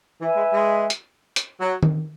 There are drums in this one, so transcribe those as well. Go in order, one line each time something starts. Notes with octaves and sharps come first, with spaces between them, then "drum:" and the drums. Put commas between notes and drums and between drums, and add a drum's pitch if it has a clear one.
E3 B4 E5 G#5
G#3
G#3
drum: hi-hat
drum: hi-hat
F#3
drum: tom D#3